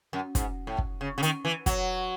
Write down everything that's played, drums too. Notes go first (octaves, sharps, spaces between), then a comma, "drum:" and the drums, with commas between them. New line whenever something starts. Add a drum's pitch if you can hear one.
F#2
G#2, drum: kick, hi-hat
A2
drum: kick
C#3
C#3
D#3, drum: hi-hat
E3
F#3, drum: kick, hi-hat